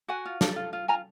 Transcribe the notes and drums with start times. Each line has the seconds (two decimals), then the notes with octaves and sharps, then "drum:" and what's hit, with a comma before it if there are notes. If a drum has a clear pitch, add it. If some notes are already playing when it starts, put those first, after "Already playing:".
0.08 F#4 F#5 G#5
0.25 F4
0.41 A4, drum: snare
0.56 F4
0.73 F4
0.88 F4 G#5 A#5